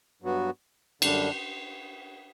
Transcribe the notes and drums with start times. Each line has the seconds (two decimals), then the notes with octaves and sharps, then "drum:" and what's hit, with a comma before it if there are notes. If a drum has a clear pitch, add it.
0.22 G2 F#3 B3 F#4
1.02 F#2 D3 G3 D4, drum: cymbal